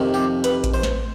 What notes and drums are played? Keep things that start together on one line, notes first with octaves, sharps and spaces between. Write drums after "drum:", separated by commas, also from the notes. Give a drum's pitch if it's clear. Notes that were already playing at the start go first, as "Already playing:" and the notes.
Already playing: F2 C3 D#3
G4
B4, drum: hi-hat
drum: kick A1, hi-hat
C5
drum: snare